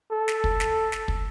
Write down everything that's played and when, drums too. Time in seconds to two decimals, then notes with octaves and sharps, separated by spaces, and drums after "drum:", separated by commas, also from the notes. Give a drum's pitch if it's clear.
0.11 A4
0.28 drum: snare
0.44 drum: kick
0.60 drum: snare
0.92 drum: snare
1.08 drum: kick